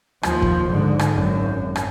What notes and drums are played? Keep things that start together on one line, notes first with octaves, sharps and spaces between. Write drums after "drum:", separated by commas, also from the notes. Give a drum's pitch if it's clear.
D#2 F3, drum: rim click
drum: kick
G#2 D3
drum: rim click
G#1 F#2
drum: rim click